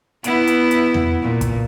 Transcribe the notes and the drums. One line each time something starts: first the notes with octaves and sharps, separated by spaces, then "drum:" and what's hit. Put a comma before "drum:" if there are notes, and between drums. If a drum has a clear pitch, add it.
B3 E4, drum: hi-hat
drum: hi-hat
drum: hi-hat
drum: tom E2
A#2
drum: kick, hi-hat